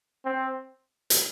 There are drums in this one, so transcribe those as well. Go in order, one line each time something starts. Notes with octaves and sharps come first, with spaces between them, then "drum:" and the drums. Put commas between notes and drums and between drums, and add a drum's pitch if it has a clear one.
C4
drum: hi-hat